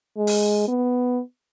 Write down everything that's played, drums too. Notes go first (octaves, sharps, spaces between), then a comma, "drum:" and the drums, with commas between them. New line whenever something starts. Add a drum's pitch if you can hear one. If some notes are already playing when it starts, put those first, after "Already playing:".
G#3
drum: open hi-hat
B3